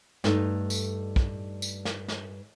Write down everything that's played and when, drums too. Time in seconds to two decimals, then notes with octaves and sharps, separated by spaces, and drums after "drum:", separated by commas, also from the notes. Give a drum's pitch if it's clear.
0.24 G2 A3 D#4, drum: snare
0.70 drum: tambourine
1.16 drum: kick
1.62 drum: tambourine
1.85 drum: snare
2.08 drum: snare